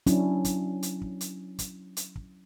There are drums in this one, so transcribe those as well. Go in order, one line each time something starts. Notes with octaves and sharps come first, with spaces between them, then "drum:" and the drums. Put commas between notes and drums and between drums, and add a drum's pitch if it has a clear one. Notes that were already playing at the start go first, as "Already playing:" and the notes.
F#3 C#4 D4 E4, drum: hi-hat
drum: kick, hi-hat
drum: hi-hat
drum: kick
drum: hi-hat
drum: kick, hi-hat
drum: hi-hat
drum: kick